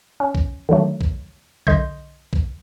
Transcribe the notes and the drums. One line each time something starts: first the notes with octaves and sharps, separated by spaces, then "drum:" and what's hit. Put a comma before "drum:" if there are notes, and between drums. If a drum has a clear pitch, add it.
C#4
drum: kick B1
D3 D#3 F#3 A3
drum: kick B1
B1 D3 D#5 C6 G6, drum: kick B1
drum: kick B1